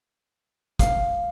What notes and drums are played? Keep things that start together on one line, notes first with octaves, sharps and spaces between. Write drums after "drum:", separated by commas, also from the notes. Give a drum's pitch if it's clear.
F5, drum: kick, hi-hat